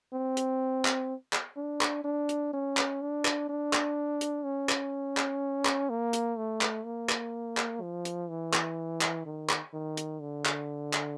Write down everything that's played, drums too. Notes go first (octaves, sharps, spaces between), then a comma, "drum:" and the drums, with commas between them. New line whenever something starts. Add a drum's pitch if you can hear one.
C4
drum: hi-hat
drum: clap
drum: clap
D4
drum: clap
D4
drum: hi-hat
C#4
drum: clap
D4
drum: clap
D4
drum: clap
drum: hi-hat
C#4
drum: clap
drum: clap
drum: clap
A#3
drum: hi-hat
A3
drum: clap
A#3
drum: clap
drum: clap
F3
drum: hi-hat
E3
drum: clap
drum: clap
D#3
drum: clap
D#3
drum: hi-hat
D3
drum: clap
drum: clap